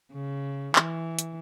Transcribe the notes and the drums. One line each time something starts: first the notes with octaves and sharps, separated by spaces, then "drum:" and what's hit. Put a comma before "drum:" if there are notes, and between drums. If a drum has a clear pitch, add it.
C#3
E3, drum: clap
drum: hi-hat